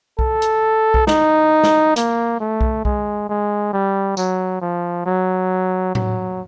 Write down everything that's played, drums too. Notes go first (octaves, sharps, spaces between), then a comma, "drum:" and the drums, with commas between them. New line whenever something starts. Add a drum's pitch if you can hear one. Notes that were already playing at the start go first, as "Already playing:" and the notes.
A4, drum: kick B1
drum: hi-hat
drum: kick B1
D#4, drum: snare
drum: snare
A#3, drum: hi-hat
A3
drum: kick B1
G#3, drum: kick B1
G#3
G3
F#3, drum: tambourine
F3
F#3
F#3, drum: tom A2